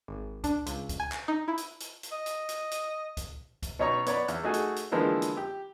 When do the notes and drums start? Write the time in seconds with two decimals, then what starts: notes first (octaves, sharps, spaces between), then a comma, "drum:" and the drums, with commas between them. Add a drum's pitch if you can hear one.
0.08 G#1
0.44 D4, drum: kick C#2, hi-hat
0.66 C#2, drum: hi-hat
0.89 drum: kick C#2, hi-hat
1.00 G#5
1.12 drum: clap
1.28 D#4
1.48 E4
1.58 drum: hi-hat
1.80 drum: hi-hat
2.03 drum: hi-hat
2.12 D#5
2.26 drum: hi-hat
2.49 drum: hi-hat
2.71 drum: hi-hat
3.17 drum: kick C#2, hi-hat
3.63 drum: kick C#2, hi-hat
3.79 B2 D#4 C#5 A#5 C#6
4.06 B3 C#5 D5 B5, drum: hi-hat
4.28 E2, drum: hi-hat
4.43 A3 D#4 F#4 G#4 G#5
4.54 drum: hi-hat
4.76 drum: hi-hat
4.92 D3 E3 F3 G#3 A#3 B3
5.22 drum: hi-hat
5.37 G4